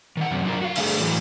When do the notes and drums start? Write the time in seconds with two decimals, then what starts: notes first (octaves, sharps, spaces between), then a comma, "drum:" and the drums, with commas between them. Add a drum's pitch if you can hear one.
0.17 D#3 F#5
0.30 F#2 C3
0.45 F#3 D4 F4 A#4
0.61 F#4 F5
0.76 D3 A3 G#4, drum: open hi-hat
0.99 A2 E3 F#3